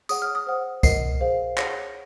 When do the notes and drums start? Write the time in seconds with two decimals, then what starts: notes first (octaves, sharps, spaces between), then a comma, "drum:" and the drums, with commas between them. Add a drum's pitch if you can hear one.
0.09 G#4 C#5 F#5 D#6, drum: tambourine
0.22 F6
0.35 D#6
0.47 C5 F#5
0.83 A#4 D#5 F#5 C7, drum: kick C2, tambourine
1.21 G#4 C5 F5
1.57 G#4 C#5 F#5 A#6, drum: clap